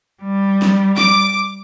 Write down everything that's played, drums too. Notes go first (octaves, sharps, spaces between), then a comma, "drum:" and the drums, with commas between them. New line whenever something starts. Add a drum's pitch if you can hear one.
G3
drum: snare
D6, drum: snare